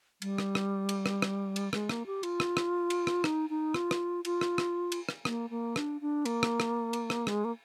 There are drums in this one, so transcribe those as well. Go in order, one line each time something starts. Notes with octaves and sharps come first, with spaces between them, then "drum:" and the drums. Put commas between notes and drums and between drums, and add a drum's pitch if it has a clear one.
G3, drum: cymbal
drum: rim click
drum: rim click
drum: cymbal
drum: rim click
drum: rim click
drum: cymbal
G#3, drum: rim click
A#3, drum: rim click
G4
F4, drum: cymbal
drum: rim click
drum: rim click
drum: cymbal
drum: rim click
D#4, drum: rim click
D#4
F4, drum: rim click
drum: rim click
F4, drum: cymbal
drum: rim click
drum: rim click
drum: cymbal
drum: rim click
A#3, drum: rim click
A#3
D4, drum: rim click
D4
A#3, drum: cymbal
drum: rim click
drum: rim click
drum: cymbal
drum: rim click
G#3, drum: rim click
A#3